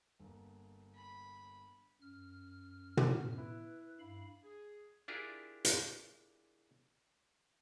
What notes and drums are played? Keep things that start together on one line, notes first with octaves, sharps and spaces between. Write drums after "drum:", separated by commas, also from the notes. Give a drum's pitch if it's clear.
G1 A#3
B5
F#2 F6
drum: tom
E4 B4
G2 F5 B5
G#4
D4 E4 F4 G4 G#4 A#4
drum: hi-hat